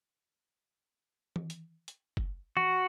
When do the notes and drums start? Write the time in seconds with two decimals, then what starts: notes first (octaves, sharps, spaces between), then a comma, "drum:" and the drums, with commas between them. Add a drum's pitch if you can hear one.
1.36 drum: tom E3
1.50 drum: hi-hat
1.88 drum: hi-hat
2.17 drum: kick
2.57 F#4, drum: tom E3